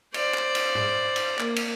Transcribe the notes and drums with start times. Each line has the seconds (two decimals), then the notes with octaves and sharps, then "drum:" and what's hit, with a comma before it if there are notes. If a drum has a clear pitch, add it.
0.14 C5 D5, drum: cymbal
0.35 drum: clap
0.55 drum: cymbal
0.75 drum: tom G#2
1.16 drum: cymbal
1.39 A#3, drum: clap
1.56 drum: cymbal